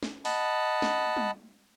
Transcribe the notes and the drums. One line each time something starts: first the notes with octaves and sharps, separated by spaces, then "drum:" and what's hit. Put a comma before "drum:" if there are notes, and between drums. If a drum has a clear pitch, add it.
drum: snare
D#5 F#5 A5 B5, drum: open hi-hat
drum: snare
drum: tom G3